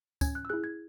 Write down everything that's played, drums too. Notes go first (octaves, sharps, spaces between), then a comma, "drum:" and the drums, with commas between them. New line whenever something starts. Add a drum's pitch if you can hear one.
C#4 G#6, drum: kick C#2, tambourine
F#6
E6
E4 G#4 F#6
G#6